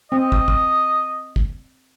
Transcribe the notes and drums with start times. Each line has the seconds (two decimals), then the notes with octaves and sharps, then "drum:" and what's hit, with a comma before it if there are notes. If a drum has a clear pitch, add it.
0.12 C4 D#5
0.32 drum: kick
0.48 drum: kick
1.36 drum: kick